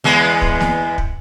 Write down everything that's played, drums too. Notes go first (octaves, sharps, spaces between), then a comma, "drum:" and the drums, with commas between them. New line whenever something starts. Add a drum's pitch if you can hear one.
E2 G#3 B3
drum: kick
drum: snare
drum: kick